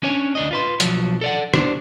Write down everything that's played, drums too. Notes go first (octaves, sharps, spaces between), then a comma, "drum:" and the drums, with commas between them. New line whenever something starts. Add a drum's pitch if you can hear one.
C#4 D4 C#5 G#5
D2 D4 D#5
F4 B4 C6
B1 E2 F3 F#3, drum: hi-hat
A4 D5 F#5
D4 C5, drum: rim click